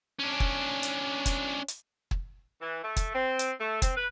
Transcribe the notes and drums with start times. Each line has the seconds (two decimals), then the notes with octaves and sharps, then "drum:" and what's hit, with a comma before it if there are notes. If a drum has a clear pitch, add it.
0.19 C#4 D4
0.40 drum: kick
0.83 drum: hi-hat
1.26 drum: kick, hi-hat
1.68 drum: hi-hat
2.11 drum: kick
2.62 E3
2.84 A3
2.96 drum: kick, hi-hat
3.15 C4
3.39 drum: hi-hat
3.60 A3
3.82 C4, drum: kick, hi-hat
3.97 B4